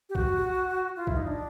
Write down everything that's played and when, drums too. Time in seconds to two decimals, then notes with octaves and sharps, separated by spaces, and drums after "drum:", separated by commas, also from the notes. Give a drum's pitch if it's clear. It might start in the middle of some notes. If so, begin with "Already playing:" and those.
0.09 G4
0.15 F#4, drum: kick
0.97 F4
1.07 E4, drum: kick
1.16 D#4
1.27 D4